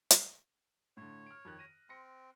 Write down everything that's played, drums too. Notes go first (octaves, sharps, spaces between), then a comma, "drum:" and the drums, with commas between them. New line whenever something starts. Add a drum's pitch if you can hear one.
drum: hi-hat
A2 D3 C#5
F6 D7
F2 D#3 F#6
A#6 D#7
C4 C6 A#6 C#7